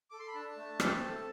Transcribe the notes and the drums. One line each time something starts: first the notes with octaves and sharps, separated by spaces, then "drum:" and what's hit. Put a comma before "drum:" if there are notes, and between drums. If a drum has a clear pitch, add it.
A4 D6
C6
B5
D4 A5
A3
C4, drum: rim click
A4